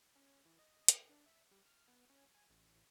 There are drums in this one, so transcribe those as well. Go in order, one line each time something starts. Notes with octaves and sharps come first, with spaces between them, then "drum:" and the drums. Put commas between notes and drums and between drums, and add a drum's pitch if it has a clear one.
C#4
E3
D#5
drum: hi-hat
D4
E5
G3
F6
B3
C#4
G#5
A1
A1